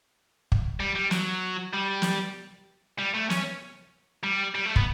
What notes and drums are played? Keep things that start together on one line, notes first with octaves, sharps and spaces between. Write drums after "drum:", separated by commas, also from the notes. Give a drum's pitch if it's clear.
drum: kick
G3
G3
F#3, drum: snare
G3
drum: snare
G3
A3
C#4, drum: snare
G3
G3
A3
B3, drum: kick